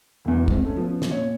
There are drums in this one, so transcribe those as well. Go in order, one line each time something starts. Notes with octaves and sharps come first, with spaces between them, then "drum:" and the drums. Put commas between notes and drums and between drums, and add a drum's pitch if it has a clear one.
E1 E2
G#2 C4, drum: kick
A3 C#4
F3 B3 C#4
drum: snare
A#2 C#5